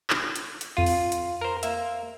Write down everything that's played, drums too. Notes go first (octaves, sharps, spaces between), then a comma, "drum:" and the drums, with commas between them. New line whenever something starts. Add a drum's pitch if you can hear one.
drum: clap
drum: hi-hat
drum: hi-hat
F2 F4 D#7
drum: open hi-hat
drum: hi-hat
A#4 C5
A#3 E5, drum: hi-hat